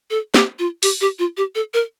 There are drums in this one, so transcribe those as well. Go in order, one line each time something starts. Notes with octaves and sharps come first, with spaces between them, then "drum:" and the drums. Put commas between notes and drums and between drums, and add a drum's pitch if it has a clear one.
A4
G4, drum: snare
F4
G4, drum: open hi-hat
G4
F4
G4
A4
A#4